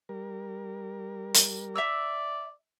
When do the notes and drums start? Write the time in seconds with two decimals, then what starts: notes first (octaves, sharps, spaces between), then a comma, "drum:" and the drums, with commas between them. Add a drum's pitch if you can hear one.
0.09 G3 A#4
1.34 drum: hi-hat
1.76 D5 E5 A#5 E6